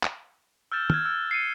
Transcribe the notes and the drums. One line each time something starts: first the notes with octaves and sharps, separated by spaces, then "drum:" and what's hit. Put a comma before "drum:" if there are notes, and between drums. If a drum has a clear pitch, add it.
drum: clap
E6 F6 G6 A6 E7
F6 F#6 G#6, drum: tom
E6
C7 C#7 D#7